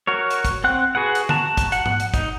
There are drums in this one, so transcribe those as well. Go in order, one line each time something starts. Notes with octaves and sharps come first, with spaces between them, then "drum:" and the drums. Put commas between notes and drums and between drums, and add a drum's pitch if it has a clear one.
F#4 A#4 C#5
drum: hi-hat
drum: kick, hi-hat
C4 F#5 F#6
F#4 G#4 B4 F#5
drum: hi-hat
F#4 A5 A#5, drum: tom
drum: kick, hi-hat
F#5, drum: hi-hat
drum: tom G#2
drum: hi-hat
D#4, drum: kick, hi-hat